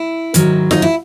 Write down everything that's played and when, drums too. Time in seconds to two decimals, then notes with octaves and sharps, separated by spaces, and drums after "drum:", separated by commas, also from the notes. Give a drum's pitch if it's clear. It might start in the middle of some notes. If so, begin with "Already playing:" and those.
Already playing: E4
0.34 G#2 D#3 F#3, drum: hi-hat
0.71 D#4, drum: snare F4
0.82 E4